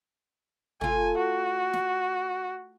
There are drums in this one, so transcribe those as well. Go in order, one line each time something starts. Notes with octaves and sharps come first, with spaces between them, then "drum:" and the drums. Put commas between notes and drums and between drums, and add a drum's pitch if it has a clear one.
A3 F4 G#5, drum: tom
F#4
drum: snare